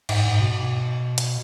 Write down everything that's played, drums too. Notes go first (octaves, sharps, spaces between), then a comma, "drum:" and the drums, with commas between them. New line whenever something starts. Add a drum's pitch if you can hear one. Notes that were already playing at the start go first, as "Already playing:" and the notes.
G#2, drum: cymbal
G#2
B2
drum: hi-hat